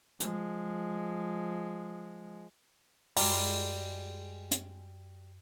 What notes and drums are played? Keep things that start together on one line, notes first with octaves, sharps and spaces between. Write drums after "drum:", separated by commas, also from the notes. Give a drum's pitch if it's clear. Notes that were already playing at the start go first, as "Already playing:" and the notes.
F3 G#3, drum: hi-hat
F#2 G3 G#3 F4, drum: open hi-hat
drum: hi-hat